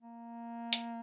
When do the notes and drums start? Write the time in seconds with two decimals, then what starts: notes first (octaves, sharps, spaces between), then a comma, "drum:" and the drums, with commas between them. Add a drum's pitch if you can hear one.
0.01 A#3
0.73 drum: hi-hat